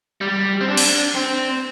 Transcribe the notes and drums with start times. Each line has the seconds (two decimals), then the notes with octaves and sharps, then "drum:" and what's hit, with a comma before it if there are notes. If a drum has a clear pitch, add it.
0.21 G3
0.61 C4
0.68 D4
0.77 drum: cymbal
1.15 C4